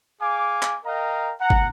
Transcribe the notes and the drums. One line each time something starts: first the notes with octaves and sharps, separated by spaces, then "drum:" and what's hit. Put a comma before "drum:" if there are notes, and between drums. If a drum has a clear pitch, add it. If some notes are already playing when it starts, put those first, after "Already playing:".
G#4 F5 G#5 D6
drum: clap
A#4 D#5 F5 G5 A#5
F#5 A#5
drum: kick